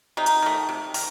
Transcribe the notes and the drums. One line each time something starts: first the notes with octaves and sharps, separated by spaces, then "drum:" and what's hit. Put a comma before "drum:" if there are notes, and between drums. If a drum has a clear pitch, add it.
C3 D#4
drum: hi-hat
D#3 A3
C3
D#3, drum: open hi-hat